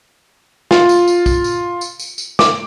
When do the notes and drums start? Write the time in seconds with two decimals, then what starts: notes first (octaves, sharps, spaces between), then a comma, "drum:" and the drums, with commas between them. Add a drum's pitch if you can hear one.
0.71 F4, drum: snare
0.89 drum: tambourine
1.08 drum: tambourine
1.26 drum: kick, tambourine
1.44 drum: tambourine
1.81 drum: tambourine
2.00 drum: tambourine
2.18 drum: tambourine
2.39 D6, drum: snare